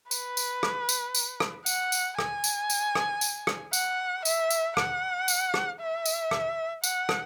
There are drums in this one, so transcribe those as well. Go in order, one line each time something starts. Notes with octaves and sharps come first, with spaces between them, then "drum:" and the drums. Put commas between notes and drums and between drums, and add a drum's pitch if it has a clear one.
B4, drum: tambourine
drum: tambourine
drum: rim click
drum: tambourine
drum: tambourine
drum: rim click
F#5, drum: tambourine
drum: tambourine
G#5, drum: rim click
drum: tambourine
drum: tambourine
drum: rim click
drum: tambourine
drum: rim click
F#5, drum: tambourine
E5, drum: tambourine
drum: tambourine
F#5, drum: rim click
drum: tambourine
drum: rim click
E5
drum: tambourine
drum: rim click
F#5, drum: tambourine
drum: rim click